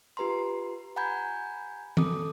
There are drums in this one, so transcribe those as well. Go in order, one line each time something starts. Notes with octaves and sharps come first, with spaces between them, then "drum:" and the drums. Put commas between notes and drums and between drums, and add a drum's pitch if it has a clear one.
F4 G4 B4 A#5 C6
F#5 G#5 A#5 B5 G6 G#6
A4 D6 D#6, drum: tom D#3